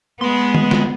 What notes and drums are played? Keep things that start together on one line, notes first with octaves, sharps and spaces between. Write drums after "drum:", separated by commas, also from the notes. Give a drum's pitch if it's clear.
G#3 B3 C6
drum: tom
drum: snare